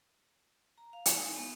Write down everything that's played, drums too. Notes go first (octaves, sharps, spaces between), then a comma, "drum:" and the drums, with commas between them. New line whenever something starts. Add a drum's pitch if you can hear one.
A#5
F5
G#5, drum: hi-hat
D#4
B3